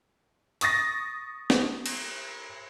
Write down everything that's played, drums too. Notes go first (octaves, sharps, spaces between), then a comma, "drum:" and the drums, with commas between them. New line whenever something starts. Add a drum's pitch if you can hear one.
C#6 D#6 A6 A#6, drum: hi-hat
drum: snare
drum: cymbal